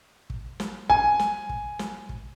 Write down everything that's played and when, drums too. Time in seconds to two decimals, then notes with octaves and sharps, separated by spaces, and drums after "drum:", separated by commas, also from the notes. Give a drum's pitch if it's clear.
0.30 drum: kick
0.60 drum: snare
0.90 G#5, drum: kick
1.19 drum: snare
1.49 drum: kick
1.79 drum: snare
2.09 drum: kick